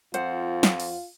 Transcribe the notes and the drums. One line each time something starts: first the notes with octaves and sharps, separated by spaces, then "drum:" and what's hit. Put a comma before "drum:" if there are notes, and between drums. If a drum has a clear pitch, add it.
F2 F4 C5 F#5, drum: hi-hat
drum: snare
drum: open hi-hat